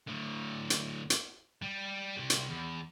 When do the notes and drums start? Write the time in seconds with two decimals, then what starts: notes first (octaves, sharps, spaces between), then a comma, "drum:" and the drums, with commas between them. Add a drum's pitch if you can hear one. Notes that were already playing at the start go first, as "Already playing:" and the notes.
0.08 A2 D3
0.70 drum: hi-hat
1.10 drum: hi-hat
1.62 G3
2.17 C3 G3
2.30 drum: hi-hat
2.50 E2